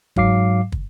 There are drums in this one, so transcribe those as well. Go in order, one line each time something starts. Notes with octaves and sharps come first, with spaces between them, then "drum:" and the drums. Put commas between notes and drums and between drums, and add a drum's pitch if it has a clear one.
G#2 F#3 F5 D6 C7, drum: kick
drum: kick